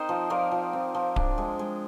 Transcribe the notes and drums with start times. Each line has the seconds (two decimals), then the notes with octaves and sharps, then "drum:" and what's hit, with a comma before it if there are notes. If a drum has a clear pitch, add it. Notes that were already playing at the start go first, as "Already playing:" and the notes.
Already playing: C4 D#4 A#4 C5 D#5
0.09 F3
0.30 F3 A#4 D5
0.52 F3
0.73 C4
0.95 F3
1.16 D4, drum: kick D1
1.38 G#3
1.59 G#3